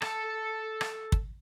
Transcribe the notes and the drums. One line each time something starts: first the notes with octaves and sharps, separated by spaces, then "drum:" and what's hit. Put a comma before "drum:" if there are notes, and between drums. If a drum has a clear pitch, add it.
A4 A5, drum: rim click
drum: rim click
drum: kick